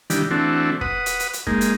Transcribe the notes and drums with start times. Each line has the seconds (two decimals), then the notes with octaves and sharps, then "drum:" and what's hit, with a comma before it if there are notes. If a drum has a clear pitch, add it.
0.10 D#3 E3 G3 D4, drum: hi-hat
0.31 E3 A3 C4 D4 F#4
0.81 B4 F#5 D#6, drum: kick
1.06 drum: hi-hat
1.20 drum: hi-hat
1.33 drum: hi-hat
1.47 G#3 A#3 D#4, drum: kick
1.61 drum: hi-hat